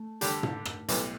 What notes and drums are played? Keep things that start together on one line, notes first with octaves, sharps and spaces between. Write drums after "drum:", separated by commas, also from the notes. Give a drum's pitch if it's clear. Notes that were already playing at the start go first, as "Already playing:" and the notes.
Already playing: A3
D3 G3 D4 G4, drum: hi-hat
drum: tom
drum: rim click
B1 A2 G3 B3, drum: hi-hat